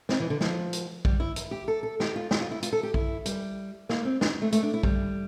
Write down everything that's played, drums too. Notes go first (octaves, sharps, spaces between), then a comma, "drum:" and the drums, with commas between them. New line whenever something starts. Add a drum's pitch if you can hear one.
C4, drum: snare
E3
D3
F3, drum: snare
drum: hi-hat
G3, drum: kick
E4
drum: hi-hat
G4
A4
A4
G4, drum: snare
F4
G4, drum: snare
F4
E4
F4, drum: hi-hat
A4
G4
E4, drum: kick
G3, drum: hi-hat
A#3, drum: snare
C4
D4, drum: snare
A3
A3, drum: hi-hat
D4
E4
G3, drum: kick